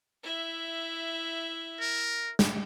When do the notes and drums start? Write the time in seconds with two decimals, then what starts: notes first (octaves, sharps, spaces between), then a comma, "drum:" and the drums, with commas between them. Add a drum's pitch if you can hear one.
0.23 E4 E5
1.80 A#4
2.39 drum: snare